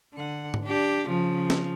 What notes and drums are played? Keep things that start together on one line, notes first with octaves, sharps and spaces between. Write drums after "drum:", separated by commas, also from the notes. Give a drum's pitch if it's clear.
D3 F#5
drum: tom G#2
D4 G4
C#3 F3
drum: snare